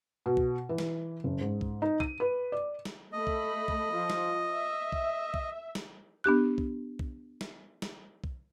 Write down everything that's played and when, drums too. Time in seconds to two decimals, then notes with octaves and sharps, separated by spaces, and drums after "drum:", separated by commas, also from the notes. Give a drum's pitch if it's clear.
0.26 B2
0.37 drum: kick B1
0.69 E3
0.78 drum: snare
1.24 F#1
1.41 G#2
1.61 drum: kick B1
1.82 D#4
2.00 D#7, drum: kick B1
2.20 B4
2.52 D5
2.85 drum: snare
3.13 A3 A4 D#5 B5
3.27 drum: kick B1
3.68 drum: kick B1
3.94 F3
4.10 drum: snare
4.43 E5
4.92 drum: kick B1
5.34 drum: kick B1
5.75 drum: snare
6.24 B3 D4 G4 F#6
6.58 drum: kick B1
6.99 drum: kick B1
7.41 drum: snare
7.82 drum: snare
8.24 drum: kick B1